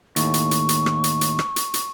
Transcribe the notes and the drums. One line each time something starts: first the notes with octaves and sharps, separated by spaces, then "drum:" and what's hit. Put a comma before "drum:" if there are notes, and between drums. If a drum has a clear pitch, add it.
D#2 A2 C#6, drum: hi-hat
drum: hi-hat
drum: hi-hat
drum: hi-hat
drum: rim click
drum: hi-hat
drum: hi-hat
drum: rim click
drum: hi-hat
drum: hi-hat